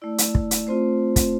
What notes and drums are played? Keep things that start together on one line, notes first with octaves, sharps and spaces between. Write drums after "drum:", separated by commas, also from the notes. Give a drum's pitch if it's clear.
A3 E4 D5
drum: hi-hat
drum: kick
drum: hi-hat
A3 C4 F4 C5
drum: kick, hi-hat